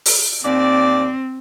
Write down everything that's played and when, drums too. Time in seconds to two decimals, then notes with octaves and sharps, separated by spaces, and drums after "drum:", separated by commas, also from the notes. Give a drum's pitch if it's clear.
0.06 drum: open hi-hat
0.43 D#2 C4 D5